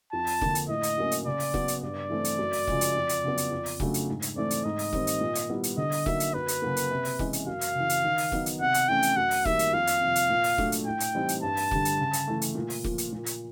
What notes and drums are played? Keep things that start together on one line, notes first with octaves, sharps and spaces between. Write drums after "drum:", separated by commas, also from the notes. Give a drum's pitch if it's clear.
F2 A5
drum: open hi-hat
D3 F3 A#3 D4, drum: kick
drum: hi-hat
A2 D#5
drum: hi-hat
F#3 A#3 C#4
drum: hi-hat
C#3 D5
drum: open hi-hat
F#3 B3, drum: kick
drum: hi-hat
G2 D5
E3 A3 C4
drum: hi-hat
F#2
drum: open hi-hat
C#3 F3 G#3, drum: kick
drum: hi-hat
F2
drum: hi-hat
C#3 F#3 B3
drum: hi-hat
F2
drum: open hi-hat
C#3 F#3 A3 D4, drum: kick
drum: hi-hat
G#2
drum: hi-hat
E3 A3 C4 D5
drum: hi-hat
G#2 D#5
drum: open hi-hat
D#3 G3 C4, drum: kick
drum: hi-hat
A#2
drum: hi-hat
G3 B3 E4
drum: hi-hat
D3 D#5
drum: open hi-hat
F#3 A#3 D#4 E5, drum: kick
drum: hi-hat
F#2 B4
drum: hi-hat
C#3 F#3 A#3
drum: hi-hat
C3
drum: open hi-hat
E3 G#3 C#4, drum: kick
drum: hi-hat
F#2 F5
drum: hi-hat
C#3 E3
drum: hi-hat
D#3
drum: open hi-hat
F#3 B3 D#4, drum: kick
drum: hi-hat
C3 F#5
drum: hi-hat
E3 A3 C#4 G5
drum: hi-hat
F#2 F#5
drum: open hi-hat
D#3 G3 A#3 E5, drum: kick
drum: hi-hat
F2 F5
drum: hi-hat
C3 F3
drum: hi-hat
A#2
drum: open hi-hat
F#3 A3 D4, drum: kick
drum: hi-hat
A2 G5
drum: hi-hat
E3 G3 C4 D#4
drum: hi-hat
G2 A5
drum: open hi-hat
D3 G3, drum: kick
drum: hi-hat
C#3
drum: hi-hat
E3 A3
drum: hi-hat
A#2
drum: open hi-hat
F3 A#3, drum: kick
drum: hi-hat
A#2
drum: hi-hat